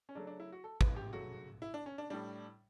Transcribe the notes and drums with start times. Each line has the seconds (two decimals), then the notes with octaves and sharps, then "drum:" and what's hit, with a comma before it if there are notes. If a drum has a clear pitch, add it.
0.09 C#4
0.15 C#3 F#3 A3 D4
0.27 D4
0.40 E4
0.52 F#4
0.64 A4
0.81 B4, drum: kick
0.96 G4
1.13 C#3 F#3 A3 F#4
1.62 E4
1.74 D4
1.86 C#4
1.98 D4
2.10 A2 G3 D4